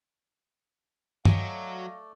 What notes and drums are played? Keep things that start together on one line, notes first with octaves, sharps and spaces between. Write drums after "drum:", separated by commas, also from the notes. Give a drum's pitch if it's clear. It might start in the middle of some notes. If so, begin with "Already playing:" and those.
F#3 A3 D5 D#5 F5 G5 G#5, drum: tom